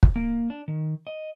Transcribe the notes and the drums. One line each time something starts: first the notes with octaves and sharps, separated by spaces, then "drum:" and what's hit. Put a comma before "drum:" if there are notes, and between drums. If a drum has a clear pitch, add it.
drum: kick
A#3
D4
D#3
D#5